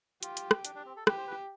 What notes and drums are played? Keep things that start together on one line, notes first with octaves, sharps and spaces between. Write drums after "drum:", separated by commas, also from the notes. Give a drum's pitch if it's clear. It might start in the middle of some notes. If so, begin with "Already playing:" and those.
F4 G4, drum: hi-hat
drum: hi-hat
drum: rim click
D4, drum: hi-hat
D4
C4
A4
G4 B4, drum: rim click
C5
B4